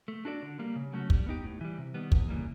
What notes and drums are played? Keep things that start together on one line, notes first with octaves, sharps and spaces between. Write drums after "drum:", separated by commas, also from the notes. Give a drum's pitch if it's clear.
A3
D4 F#4 A4 D5
D3
G3 A#3
C#3
F#3 A3 C#4 F#4
G3, drum: kick
B3 D#4 G4
A2
E3 G3
C3
D#3 G3 B3
E2, drum: kick
C#3 E3 G3 A#3